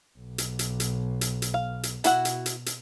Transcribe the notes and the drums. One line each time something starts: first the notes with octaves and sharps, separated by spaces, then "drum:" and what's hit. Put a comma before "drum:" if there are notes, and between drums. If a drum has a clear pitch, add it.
B1
drum: hi-hat
drum: hi-hat
drum: hi-hat
drum: hi-hat
drum: hi-hat
F5
drum: hi-hat
B2 E4 F#4 F#5, drum: hi-hat
drum: hi-hat
drum: hi-hat
drum: hi-hat